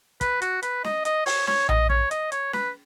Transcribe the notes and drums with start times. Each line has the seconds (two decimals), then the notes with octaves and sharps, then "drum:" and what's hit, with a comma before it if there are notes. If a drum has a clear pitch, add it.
0.21 B4, drum: kick, hi-hat
0.42 F#4, drum: hi-hat
0.63 B4, drum: hi-hat
0.84 D#5, drum: snare
1.05 D#5, drum: hi-hat
1.26 C#5, drum: open hi-hat
1.47 C#5, drum: snare
1.69 D#5, drum: tom A#1
1.90 C#5, drum: kick
2.11 D#5, drum: hi-hat
2.32 C#5, drum: hi-hat
2.53 B4, drum: snare